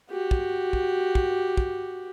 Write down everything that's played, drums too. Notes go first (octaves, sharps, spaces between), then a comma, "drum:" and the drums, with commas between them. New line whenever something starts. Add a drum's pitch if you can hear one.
F#4 G4
drum: kick
drum: kick
drum: kick
drum: kick